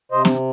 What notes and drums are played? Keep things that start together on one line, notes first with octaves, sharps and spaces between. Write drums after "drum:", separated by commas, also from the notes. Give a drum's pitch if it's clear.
C3 C5 D#5
drum: snare